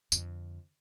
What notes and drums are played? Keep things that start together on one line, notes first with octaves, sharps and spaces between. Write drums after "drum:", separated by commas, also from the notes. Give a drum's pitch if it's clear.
F2 D3, drum: tambourine